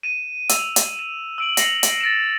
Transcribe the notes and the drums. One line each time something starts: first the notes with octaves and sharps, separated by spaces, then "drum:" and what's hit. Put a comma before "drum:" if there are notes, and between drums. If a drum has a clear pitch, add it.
D#7 E7
E6 F7, drum: hi-hat
drum: hi-hat
E7
E6 D7 F#7
A#6 C7 C#7 F7 F#7, drum: hi-hat
drum: hi-hat
A6 A#6 D7 E7